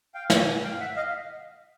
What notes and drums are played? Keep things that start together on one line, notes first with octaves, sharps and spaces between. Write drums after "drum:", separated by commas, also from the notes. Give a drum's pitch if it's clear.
F5 G5
drum: snare
F#5 G#5
F5 G5
E5 F#5
D#5 F5